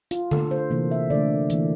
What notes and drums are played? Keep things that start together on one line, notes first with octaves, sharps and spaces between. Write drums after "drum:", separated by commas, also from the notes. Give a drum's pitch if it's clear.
F4, drum: hi-hat
D3 A3 A4, drum: tom D3
C5
C3 E3 A#3 C5
E5
D3 A3 D5
E3 A#3, drum: hi-hat